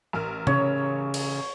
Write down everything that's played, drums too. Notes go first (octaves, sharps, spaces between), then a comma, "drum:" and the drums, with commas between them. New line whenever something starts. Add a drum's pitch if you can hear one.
A1 A#4 F6
C#3 C#5, drum: tom C3
drum: cymbal